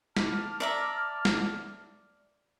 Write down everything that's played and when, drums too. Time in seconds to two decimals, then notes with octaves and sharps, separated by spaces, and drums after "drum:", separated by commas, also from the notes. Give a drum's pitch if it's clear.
0.17 A5 D6 F6, drum: snare
0.60 D5 E5 A#5
1.25 drum: snare